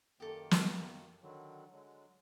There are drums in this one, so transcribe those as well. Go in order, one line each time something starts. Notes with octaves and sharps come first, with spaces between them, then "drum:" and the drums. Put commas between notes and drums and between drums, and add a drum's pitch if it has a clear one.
F#2 D#3 A#3 G4 A4
drum: snare
D3 D#3 F#3
D3 F#3 G#3